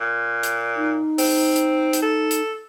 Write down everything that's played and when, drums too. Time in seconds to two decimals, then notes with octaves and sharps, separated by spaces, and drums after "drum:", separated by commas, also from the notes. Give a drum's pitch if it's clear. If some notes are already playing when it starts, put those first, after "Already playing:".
0.01 A#2
0.43 drum: hi-hat
0.77 D#4
1.18 C4, drum: open hi-hat
1.56 drum: hi-hat
1.93 drum: hi-hat
2.03 A4
2.31 drum: hi-hat